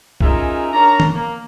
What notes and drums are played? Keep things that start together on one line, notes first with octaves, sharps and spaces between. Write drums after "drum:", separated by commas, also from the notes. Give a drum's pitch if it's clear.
C#4 D#4 F4 G#4 A#4 E5, drum: kick B1
D4 A#4 C#5 A#5
drum: tom
A#3